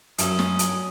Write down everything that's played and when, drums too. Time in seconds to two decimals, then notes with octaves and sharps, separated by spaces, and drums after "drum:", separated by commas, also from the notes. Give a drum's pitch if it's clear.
0.18 F#2 F#3 C#4 F#4 E5 D#6, drum: hi-hat
0.39 drum: snare
0.59 drum: hi-hat